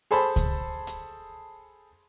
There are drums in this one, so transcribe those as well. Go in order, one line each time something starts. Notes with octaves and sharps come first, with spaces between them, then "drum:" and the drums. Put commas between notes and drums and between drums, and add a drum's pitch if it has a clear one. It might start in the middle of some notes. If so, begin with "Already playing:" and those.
G#4 A4 C5 A5 B5
drum: kick C#2, hi-hat
drum: hi-hat